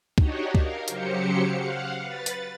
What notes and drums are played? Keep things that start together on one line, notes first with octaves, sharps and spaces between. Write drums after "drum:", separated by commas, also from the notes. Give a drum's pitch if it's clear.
D4 D#4 F#4 G4 C#5 D#5, drum: kick C#2
A#4 F5, drum: kick C#2
C#3 F#3 G4 C5 C#7, drum: hi-hat
F5 F#5
B4 A6
drum: hi-hat